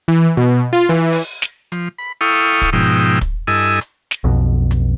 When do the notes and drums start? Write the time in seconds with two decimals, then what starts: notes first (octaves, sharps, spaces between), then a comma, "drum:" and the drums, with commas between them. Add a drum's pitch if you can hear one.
0.08 E3
0.37 B2
0.73 F4
0.89 E3
1.12 drum: open hi-hat
1.42 drum: snare
1.72 F3, drum: hi-hat
1.98 B5
2.21 E4 A4 F5 G5 C#6 D#6
2.32 drum: hi-hat
2.62 drum: kick, hi-hat
2.73 G#2 B2 F3 D#4 G5 E6
2.91 drum: hi-hat
3.21 drum: kick, hi-hat
3.47 G2 E4 A4 D#5 G#5 E6
3.81 drum: hi-hat
4.11 drum: snare
4.24 B1 F2 B2
4.71 drum: hi-hat